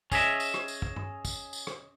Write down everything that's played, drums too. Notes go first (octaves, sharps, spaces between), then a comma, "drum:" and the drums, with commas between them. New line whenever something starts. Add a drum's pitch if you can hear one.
C#4 G#4 D#5 E5, drum: kick, tambourine
drum: tambourine
drum: rim click
drum: tambourine
drum: kick
drum: tom G2
drum: kick, tambourine
drum: tambourine
drum: rim click